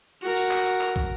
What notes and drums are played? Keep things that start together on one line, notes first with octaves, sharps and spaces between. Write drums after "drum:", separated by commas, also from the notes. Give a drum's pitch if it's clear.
F#4 A#4
drum: open hi-hat
drum: clap
drum: hi-hat
drum: clap
drum: kick